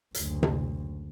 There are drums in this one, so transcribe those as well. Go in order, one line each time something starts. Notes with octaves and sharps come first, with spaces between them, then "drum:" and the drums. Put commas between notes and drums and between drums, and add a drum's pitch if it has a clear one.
F#1 D2, drum: hi-hat
drum: tom C3